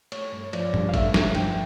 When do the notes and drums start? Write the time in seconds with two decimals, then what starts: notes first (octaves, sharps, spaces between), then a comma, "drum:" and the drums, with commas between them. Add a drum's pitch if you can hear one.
0.12 A3 C#5, drum: cymbal
0.32 G2
0.53 F3 D5, drum: cymbal
0.74 G2, drum: tom
0.89 F5
0.94 A3 E5, drum: kick, cymbal
1.14 G2, drum: snare
1.35 F3 G5, drum: cymbal